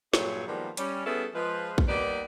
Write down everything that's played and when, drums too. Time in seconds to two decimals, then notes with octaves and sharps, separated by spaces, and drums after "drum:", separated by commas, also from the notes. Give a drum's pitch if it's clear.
0.13 G2 A#2 F#3 E4 G#4 C#5, drum: snare
0.47 D#3 F3 G3 G#3 A#3 B3
0.77 G3 C#4, drum: hi-hat
1.06 G3 B3 C#4 E4 G#4 A4
1.35 F3 G#3 B4
1.78 drum: kick
1.88 G3 A#3 B3 D#4 B4 D5